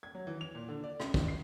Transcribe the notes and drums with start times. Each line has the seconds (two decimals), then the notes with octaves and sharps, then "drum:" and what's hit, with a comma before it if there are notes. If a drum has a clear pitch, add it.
0.03 G#6
0.15 F#3
0.27 E3
0.41 F7
0.55 A#2
0.68 D3
0.84 D5
1.00 C#2, drum: rim click
1.14 D#3, drum: kick
1.28 C7